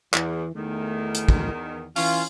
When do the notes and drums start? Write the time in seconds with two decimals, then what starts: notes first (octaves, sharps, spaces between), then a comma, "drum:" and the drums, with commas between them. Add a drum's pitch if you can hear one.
0.14 E2 E3, drum: clap
0.55 E2 D#3 A3
1.15 drum: hi-hat
1.29 drum: kick
1.96 E3 C#4 F4, drum: open hi-hat